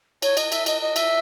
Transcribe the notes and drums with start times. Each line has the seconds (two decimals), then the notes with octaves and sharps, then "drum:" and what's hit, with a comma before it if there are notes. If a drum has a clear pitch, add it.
0.22 C#5, drum: cymbal
0.37 D#5, drum: cymbal
0.52 E5, drum: cymbal
0.66 D#5, drum: cymbal
0.81 D#5
0.96 E5, drum: cymbal